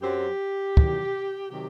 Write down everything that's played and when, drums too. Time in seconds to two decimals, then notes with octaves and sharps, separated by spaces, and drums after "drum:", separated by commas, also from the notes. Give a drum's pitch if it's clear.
0.01 F#2 F#3 C4 G4
0.77 E2 D#3 F#3, drum: kick
1.50 C3 D#3 F#3 G4